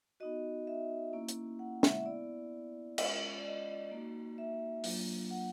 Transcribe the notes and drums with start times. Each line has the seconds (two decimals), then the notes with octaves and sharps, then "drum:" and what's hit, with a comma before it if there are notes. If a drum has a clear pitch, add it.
0.20 B3 D#4 F#4 D#5
0.67 E5
1.13 A#3 C#4 E4
1.29 drum: hi-hat
1.59 F#5
1.83 E5, drum: snare
2.06 B3 E4 D5
2.98 G#3 C#4 F4, drum: cymbal
3.38 D5
3.45 D#5
3.91 A#3 D#4 F#4
4.38 E5
4.84 F#3 A#3 D4 F4, drum: open hi-hat
5.31 F#5